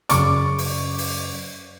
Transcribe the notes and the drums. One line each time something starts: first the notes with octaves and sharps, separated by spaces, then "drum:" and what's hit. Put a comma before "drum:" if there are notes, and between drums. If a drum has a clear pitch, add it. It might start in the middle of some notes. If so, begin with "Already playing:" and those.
F#2 C#3 D5 C#6 D6, drum: hi-hat
drum: open hi-hat
drum: open hi-hat